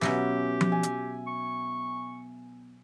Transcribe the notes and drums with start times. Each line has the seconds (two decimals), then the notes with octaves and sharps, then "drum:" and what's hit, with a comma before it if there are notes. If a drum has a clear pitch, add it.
0.01 B2 F#3 B3 C#4 G4 E5, drum: snare
0.61 drum: tom F3
0.72 G#5
0.83 drum: hi-hat
1.27 C#6